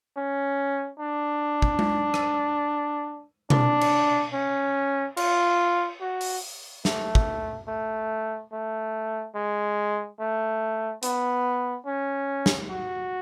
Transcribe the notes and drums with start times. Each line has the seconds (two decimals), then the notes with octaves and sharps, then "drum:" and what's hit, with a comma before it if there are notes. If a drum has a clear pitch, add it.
0.16 C#4
0.99 D4
1.62 drum: kick
1.79 drum: tom G#3
2.14 drum: rim click
3.50 D4, drum: tom B2
3.81 drum: cymbal
4.33 C#4
5.17 F4, drum: cymbal
6.01 F#4
6.21 drum: open hi-hat
6.85 A3, drum: snare
7.15 drum: kick
7.67 A3
8.52 A3
9.35 G#3
10.19 A3
11.03 B3, drum: hi-hat
11.86 C#4
12.46 drum: snare
12.69 F#4